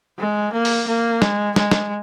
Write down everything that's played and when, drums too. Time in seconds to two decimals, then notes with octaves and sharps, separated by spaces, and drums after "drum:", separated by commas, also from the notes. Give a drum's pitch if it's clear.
0.19 G#3
0.53 A#3
0.65 drum: open hi-hat
0.87 A#3
1.22 G#3, drum: snare
1.56 G#3, drum: snare
1.71 drum: snare